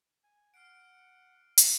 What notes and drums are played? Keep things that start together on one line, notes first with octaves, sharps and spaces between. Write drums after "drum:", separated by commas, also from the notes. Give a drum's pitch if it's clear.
G#5
F#5 F6 C7 D7
F#4 D5 F5 G7, drum: hi-hat